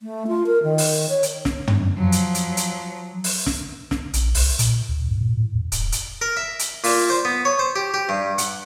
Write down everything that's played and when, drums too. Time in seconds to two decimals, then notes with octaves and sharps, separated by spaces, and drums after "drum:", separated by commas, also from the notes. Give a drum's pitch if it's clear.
0.01 A3
0.28 F4
0.47 A#4
0.63 D#3
0.78 drum: open hi-hat
1.09 C#5
1.23 drum: hi-hat
1.45 drum: snare
1.67 drum: tom
1.97 F3 F#3
2.12 drum: hi-hat
2.35 drum: hi-hat
2.57 drum: hi-hat
3.24 drum: open hi-hat
3.46 drum: snare
3.91 drum: snare
4.13 A#1, drum: hi-hat
4.35 C2, drum: open hi-hat
4.59 A#2, drum: hi-hat
4.89 D2
5.09 G2
5.21 A#2
5.37 A2
5.54 F2
5.72 D#1, drum: hi-hat
5.92 drum: hi-hat
6.21 A#4
6.37 E5
6.59 drum: hi-hat
6.84 A#2, drum: open hi-hat
7.10 C5
7.25 B3
7.45 C#5
7.59 C5
7.76 G4
7.94 G4
8.09 G2
8.38 F#5, drum: hi-hat